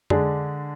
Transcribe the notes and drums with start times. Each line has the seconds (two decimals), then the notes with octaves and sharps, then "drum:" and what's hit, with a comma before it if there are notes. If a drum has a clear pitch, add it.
0.10 D3 G#3 D4 G#4, drum: tom F2